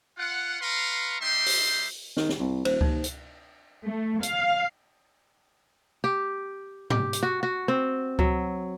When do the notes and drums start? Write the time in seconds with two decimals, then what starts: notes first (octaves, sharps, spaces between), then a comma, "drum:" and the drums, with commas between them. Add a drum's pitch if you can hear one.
0.18 F4 F#5
0.61 B4 F5 A#5 C6 C#6
1.20 G3 D#4 G4 E5 C6
1.46 drum: open hi-hat
2.17 D#3, drum: snare
2.29 drum: snare
2.40 C2
2.65 D#1 C5, drum: cymbal
2.81 D#2 D#4, drum: kick C#2
3.04 drum: hi-hat
3.85 A3
4.23 F5, drum: hi-hat
6.04 G4
6.90 G4, drum: tom G#2
7.13 drum: hi-hat
7.23 F#4
7.43 F#4
7.68 C4
8.19 F#3, drum: kick C#2